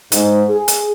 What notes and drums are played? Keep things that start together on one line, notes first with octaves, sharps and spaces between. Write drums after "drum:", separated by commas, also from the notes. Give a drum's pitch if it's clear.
G#2, drum: hi-hat
G#4
drum: hi-hat